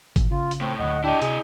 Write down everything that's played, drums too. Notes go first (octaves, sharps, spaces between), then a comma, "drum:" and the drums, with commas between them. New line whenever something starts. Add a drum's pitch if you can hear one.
A#2 E3, drum: kick G#1, hi-hat
C#3 F4
drum: hi-hat
A2 C4
D1 D2 D#5 F#5
D4 E4 G4 D#5
C3 G#4, drum: hi-hat